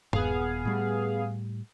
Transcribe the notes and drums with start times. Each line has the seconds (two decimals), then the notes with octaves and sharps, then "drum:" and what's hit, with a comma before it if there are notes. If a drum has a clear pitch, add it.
0.13 D#1 B3 G#4 F5, drum: tom G2
0.65 A2 G3